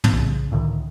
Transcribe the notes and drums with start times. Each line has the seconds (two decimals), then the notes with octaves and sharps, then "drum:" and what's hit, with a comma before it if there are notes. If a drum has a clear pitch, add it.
0.04 drum: tom
0.13 B1 C#3
0.51 C#2 A2 D3 D#3